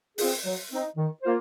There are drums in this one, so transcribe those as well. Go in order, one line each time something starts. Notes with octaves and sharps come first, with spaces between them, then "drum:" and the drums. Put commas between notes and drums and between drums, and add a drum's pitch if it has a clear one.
C4 F4 G#4, drum: open hi-hat
F#3
C4 D#4
D#3
A#3 F4 C5